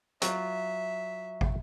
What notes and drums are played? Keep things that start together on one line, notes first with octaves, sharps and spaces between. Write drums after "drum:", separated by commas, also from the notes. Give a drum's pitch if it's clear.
F#3 F4 E5, drum: hi-hat
drum: kick